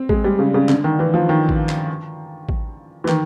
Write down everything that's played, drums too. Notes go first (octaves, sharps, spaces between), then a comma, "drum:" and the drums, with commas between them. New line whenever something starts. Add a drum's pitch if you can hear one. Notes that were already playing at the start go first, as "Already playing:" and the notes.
Already playing: C4
G#3, drum: kick A1
G3
C#3
C#3
D3, drum: clap
D#3
E3
F3
D#3
drum: kick A1
drum: clap
drum: kick A1
E3
D#3, drum: clap